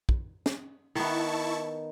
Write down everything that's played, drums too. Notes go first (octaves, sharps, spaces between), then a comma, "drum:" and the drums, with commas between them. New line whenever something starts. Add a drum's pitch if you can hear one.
drum: kick
drum: snare
D#3 B3 E4 A5 C#6